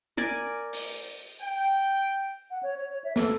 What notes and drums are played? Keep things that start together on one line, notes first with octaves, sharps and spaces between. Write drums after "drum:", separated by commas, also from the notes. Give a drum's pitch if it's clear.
A#4 D5 G#5
drum: open hi-hat
G5
F#5
C#5
C#5
C#5
E5
A4, drum: snare